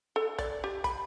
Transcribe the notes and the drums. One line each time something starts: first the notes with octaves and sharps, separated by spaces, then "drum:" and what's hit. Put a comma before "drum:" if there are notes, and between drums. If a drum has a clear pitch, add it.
A4
D5, drum: kick, hi-hat
G4
B5, drum: kick, hi-hat